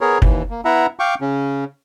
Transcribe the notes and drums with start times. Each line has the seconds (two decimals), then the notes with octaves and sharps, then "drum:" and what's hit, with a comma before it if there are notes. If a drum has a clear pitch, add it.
0.01 B3 G#4 A#4 C#5
0.22 D#2 E3, drum: kick
0.50 A#3
0.65 B3 E4 E5 F#5 A#5
0.99 F5 G5 C#6 D6
1.21 C#3 C#4